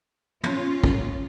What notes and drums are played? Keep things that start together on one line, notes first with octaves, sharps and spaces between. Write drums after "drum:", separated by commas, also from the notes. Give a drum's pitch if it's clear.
C#4 F4, drum: tom
drum: kick